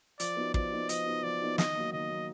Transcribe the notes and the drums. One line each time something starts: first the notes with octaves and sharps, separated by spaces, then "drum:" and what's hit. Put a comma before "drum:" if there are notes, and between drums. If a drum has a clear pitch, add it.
F3 D5, drum: hi-hat
B3 D#4 F#4
F3 D5, drum: kick
B3 D#4 F#4
F3 D#5, drum: hi-hat
B3 D#4 F#4
F3 D5
B3 D#4 F#4
D#3 D#5, drum: snare
F#3 A#3
D#3 D#5
F#3 A#3